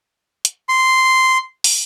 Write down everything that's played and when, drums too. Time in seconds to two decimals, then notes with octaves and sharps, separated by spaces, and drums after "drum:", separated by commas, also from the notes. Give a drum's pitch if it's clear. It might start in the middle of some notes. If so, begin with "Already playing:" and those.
0.45 drum: hi-hat
0.69 C6
1.64 drum: open hi-hat